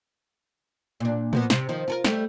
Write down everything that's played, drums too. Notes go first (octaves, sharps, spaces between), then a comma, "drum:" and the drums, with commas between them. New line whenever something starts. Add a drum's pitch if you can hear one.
A#2 D4
F3 A#3 B3, drum: tom A2
C3, drum: snare
D#3 F3
F4 A4 A#4
G3 A3, drum: snare